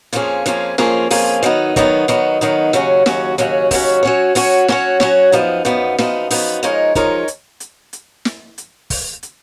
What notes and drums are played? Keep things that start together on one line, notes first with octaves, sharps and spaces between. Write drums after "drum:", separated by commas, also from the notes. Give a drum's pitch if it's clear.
F2 F3 A#3 C#4 G#4, drum: hi-hat
F2 F3 A#3 C#4 G#4, drum: hi-hat
F2 F3 A#3 C#4 G#4, drum: snare
F2 F3 A#3 C#4 G#4, drum: open hi-hat
D#3 F#3 B3 D#4, drum: hi-hat
D#3 F#3 B3 D#4, drum: kick, hi-hat
D#3 F#3 B3 D#4, drum: hi-hat
D#3 F#3 B3 D#4, drum: hi-hat
D#2 C#3 F#3 C#4 F#4, drum: hi-hat
D#2 C#3 F#3 C#4 F#4, drum: snare
D#2 C#3 F#3 C#4 F#4, drum: hi-hat
D#2 C#3 F#3 C#4 F#4, drum: kick, open hi-hat
F#3 C#4 F#4 C#5
F#3 C#4 F#4 C#5, drum: open hi-hat
F#3 C#4 F#4 C#5, drum: snare
F#3 C#4 F#4 C#5, drum: snare
F#2 F3 B3 D#4, drum: hi-hat
F#2 F3 B3 D#4, drum: hi-hat
F#2 F3 B3 D#4, drum: snare
F#2 F3 B3 D#4, drum: open hi-hat
F3 G#3 D#4 A#4 C#5, drum: hi-hat
F3 G#3 D#4 A#4 C#5, drum: kick, hi-hat
drum: hi-hat
drum: hi-hat
drum: hi-hat
drum: snare
drum: hi-hat
drum: kick, open hi-hat
drum: hi-hat